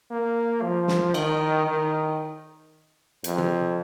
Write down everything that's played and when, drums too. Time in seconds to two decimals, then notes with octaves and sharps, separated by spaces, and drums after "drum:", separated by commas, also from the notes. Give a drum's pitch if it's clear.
0.10 A#3
0.62 F3
0.88 drum: snare
1.14 D#3, drum: cymbal
1.67 D#3
3.24 F2, drum: hi-hat
3.38 drum: tom